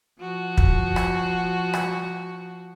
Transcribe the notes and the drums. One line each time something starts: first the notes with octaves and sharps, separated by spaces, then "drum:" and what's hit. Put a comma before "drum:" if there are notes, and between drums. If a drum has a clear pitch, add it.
F3 F#4
drum: kick
drum: rim click
drum: rim click